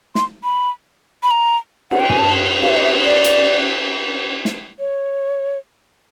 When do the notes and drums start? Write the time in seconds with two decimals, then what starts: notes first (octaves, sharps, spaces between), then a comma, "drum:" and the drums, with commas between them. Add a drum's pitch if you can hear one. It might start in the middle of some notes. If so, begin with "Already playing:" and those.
0.15 C6, drum: snare
0.44 B5
1.23 B5
1.31 A#5
1.91 F#5, drum: cymbal
2.00 G5
2.10 G#5, drum: tom
2.18 A5
2.62 F5, drum: cymbal
2.69 E5
2.76 D#5
2.83 E5
3.05 D5
3.24 drum: hi-hat
4.45 drum: snare
4.79 C#5